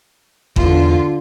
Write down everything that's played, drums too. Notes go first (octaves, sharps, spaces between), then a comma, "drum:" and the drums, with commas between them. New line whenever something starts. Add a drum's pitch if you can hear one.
E2 D3 F4, drum: kick G1